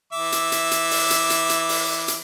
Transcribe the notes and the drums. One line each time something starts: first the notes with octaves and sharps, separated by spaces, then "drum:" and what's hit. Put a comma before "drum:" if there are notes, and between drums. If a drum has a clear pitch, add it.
E3 E5 D6
drum: hi-hat
drum: hi-hat
drum: hi-hat
drum: open hi-hat
drum: hi-hat
drum: hi-hat
drum: hi-hat
drum: open hi-hat
drum: hi-hat